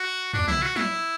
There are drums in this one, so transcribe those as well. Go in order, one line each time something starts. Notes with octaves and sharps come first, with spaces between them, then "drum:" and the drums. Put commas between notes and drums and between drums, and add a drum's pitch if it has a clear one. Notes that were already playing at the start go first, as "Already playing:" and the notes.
Already playing: F#4
D4, drum: tom
E4, drum: tom
F#4
E4, drum: snare